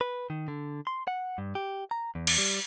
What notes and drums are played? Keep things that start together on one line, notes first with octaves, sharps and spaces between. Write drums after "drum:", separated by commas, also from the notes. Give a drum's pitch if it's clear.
B4
D#3
D3
C6
F#5
G2
G4
A#5
E2
drum: cymbal
G3